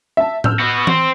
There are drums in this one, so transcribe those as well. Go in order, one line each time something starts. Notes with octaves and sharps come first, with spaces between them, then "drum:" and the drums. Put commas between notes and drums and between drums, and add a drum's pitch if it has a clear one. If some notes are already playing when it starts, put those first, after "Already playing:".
E5 A5
E6 F6 G6, drum: tom A2
B3 F#4
C4, drum: tom E3